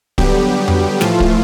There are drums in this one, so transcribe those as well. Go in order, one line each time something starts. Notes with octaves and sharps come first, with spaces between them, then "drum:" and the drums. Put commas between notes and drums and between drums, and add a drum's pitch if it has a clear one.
D3 F#3 G3 B3 G4, drum: kick
drum: tom F2
A2 E3 F3 A3 F4, drum: snare
drum: kick